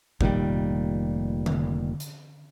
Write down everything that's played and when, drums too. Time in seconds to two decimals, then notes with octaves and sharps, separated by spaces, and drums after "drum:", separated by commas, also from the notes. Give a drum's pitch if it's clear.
0.21 F1 A#2 D#3 G3, drum: kick G#1
1.46 drum: tom D3
2.00 drum: hi-hat